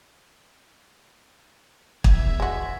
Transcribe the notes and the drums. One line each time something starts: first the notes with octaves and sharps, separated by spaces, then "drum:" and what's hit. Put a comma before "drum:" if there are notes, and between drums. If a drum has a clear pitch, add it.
E2 E5 G#6, drum: kick
G#3 F#4